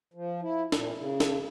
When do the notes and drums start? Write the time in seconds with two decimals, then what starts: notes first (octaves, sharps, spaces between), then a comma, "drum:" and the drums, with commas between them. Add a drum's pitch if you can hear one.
0.14 F3
0.42 E4
0.72 A#2, drum: snare
0.97 C#3
1.20 drum: snare